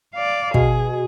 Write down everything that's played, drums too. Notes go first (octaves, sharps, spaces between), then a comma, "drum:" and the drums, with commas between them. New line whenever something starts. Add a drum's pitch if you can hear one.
D5 F5
B2 G#4, drum: kick